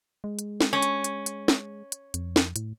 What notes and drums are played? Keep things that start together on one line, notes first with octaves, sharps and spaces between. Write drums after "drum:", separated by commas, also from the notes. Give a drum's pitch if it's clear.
G#3
drum: hi-hat
drum: snare
C#4
drum: hi-hat
drum: hi-hat
drum: hi-hat
drum: snare
drum: hi-hat
F2, drum: hi-hat
drum: snare
A2, drum: hi-hat